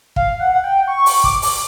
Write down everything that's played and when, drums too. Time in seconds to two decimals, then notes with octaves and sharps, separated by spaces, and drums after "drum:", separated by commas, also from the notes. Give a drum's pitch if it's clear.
0.16 F5, drum: kick
0.39 F#5
0.54 F#5
0.64 G5
0.88 C#6
1.06 drum: open hi-hat
1.24 D6, drum: kick
1.42 drum: open hi-hat